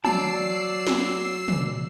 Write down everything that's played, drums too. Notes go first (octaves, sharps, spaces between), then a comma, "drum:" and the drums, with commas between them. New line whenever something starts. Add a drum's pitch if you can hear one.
F#3 D5 A5 E6 C7, drum: tom
drum: snare
drum: tom